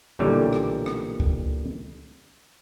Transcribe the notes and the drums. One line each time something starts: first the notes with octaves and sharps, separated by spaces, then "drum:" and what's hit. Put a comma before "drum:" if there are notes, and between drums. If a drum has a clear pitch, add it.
B1 A#2 D3 E3 G3 C#5
drum: rim click
drum: rim click
drum: kick